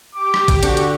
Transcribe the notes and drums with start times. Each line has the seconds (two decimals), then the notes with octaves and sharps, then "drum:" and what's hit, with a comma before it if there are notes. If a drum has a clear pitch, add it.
0.15 G4 D6
0.34 drum: rim click
0.48 drum: kick, hi-hat
0.63 D3 D4 F#4 C#6, drum: hi-hat
0.77 drum: hi-hat